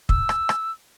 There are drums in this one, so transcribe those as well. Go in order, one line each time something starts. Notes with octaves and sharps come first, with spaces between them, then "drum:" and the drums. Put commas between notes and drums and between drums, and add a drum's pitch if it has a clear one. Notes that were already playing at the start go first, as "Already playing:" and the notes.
E6, drum: kick
drum: rim click
drum: rim click